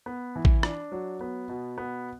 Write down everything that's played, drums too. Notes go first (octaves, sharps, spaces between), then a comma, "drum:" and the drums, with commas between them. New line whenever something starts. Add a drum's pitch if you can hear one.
B3
E3
drum: kick A1
D4, drum: rim click
F#3
B3
B2
B3